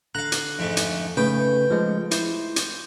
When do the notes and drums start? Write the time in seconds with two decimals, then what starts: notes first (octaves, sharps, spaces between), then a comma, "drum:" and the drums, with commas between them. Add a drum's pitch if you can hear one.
0.15 D3 F5 A#5 F#6
0.32 drum: hi-hat
0.59 F2 G#2 A3
0.77 drum: hi-hat
1.17 C#3 A3 D#4 B4 G5
1.70 F3 G#3
2.11 E4 C5, drum: hi-hat
2.56 drum: hi-hat